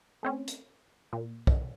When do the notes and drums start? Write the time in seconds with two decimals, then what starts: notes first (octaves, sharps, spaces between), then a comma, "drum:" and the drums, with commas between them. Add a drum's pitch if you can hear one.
0.23 A3 C4 C#4
0.47 drum: hi-hat
1.13 A#2
1.47 drum: kick